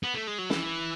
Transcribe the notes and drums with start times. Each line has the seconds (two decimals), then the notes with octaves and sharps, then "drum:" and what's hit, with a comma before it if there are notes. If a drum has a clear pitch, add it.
0.03 B3
0.15 A3
0.27 G#3
0.38 F#3
0.50 E3, drum: snare